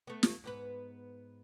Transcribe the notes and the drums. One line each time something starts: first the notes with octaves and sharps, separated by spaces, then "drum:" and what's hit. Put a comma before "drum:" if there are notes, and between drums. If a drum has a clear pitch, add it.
A3 B3
drum: snare
G#2 B3 B4